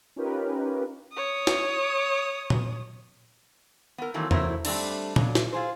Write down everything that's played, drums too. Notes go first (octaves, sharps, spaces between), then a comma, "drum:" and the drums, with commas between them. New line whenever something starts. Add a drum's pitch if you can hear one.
C#4 D#4 F4 G4 A#4 B4
C#5 D#6
drum: snare
drum: tom A#2
B3 A#4
D#3 E3 F#3 A3 A#3 C4
E3 F#3 A3 E4 A#4 C5, drum: tom E2
G3 A3 C4 D4, drum: cymbal
C#3 F#3 D4, drum: tom A#2
drum: snare
F4 G#4 C5